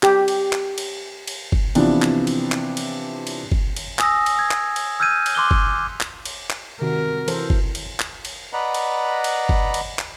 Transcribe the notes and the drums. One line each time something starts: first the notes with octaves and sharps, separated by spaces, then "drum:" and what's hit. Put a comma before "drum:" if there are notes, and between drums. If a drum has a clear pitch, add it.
G4, drum: clap
drum: cymbal
drum: clap
drum: cymbal
drum: cymbal
drum: kick F#1
C3 E3 F3 B3 D4, drum: cymbal
drum: clap
drum: cymbal
drum: clap
drum: cymbal
drum: cymbal
drum: kick F#1
drum: cymbal
G#5 D#6 E6 A#6, drum: clap
drum: cymbal
E6 G#6
drum: clap
drum: cymbal
E6 F6 G6 G#6 D#7
drum: cymbal
C6 D6 F#6 G7
drum: kick F#1
drum: clap
drum: cymbal
drum: clap
C3 D#3 F#4 A#4
E3 A4 C5, drum: cymbal
drum: kick F#1
drum: cymbal
drum: clap
drum: cymbal
B4 D5 D#5 F#5 A#5 B5
drum: cymbal
drum: cymbal
drum: kick F#1
drum: cymbal
drum: clap